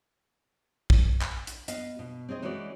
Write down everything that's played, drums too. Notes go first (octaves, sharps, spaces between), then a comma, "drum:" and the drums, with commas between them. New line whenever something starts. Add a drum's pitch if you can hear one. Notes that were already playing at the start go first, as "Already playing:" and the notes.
drum: kick A#1
drum: clap
drum: hi-hat
B3 D#5 F5, drum: hi-hat
B2
C4 G#4 C#5 D#5
E3 G#3 C#4 F#4 B4 D5